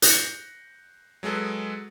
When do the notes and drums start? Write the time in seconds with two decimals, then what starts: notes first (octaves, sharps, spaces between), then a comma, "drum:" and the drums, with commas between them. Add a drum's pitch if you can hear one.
0.02 F#6 G6 A#6 C7 C#7, drum: hi-hat
1.23 F#3 G#3 G#4 A4 B4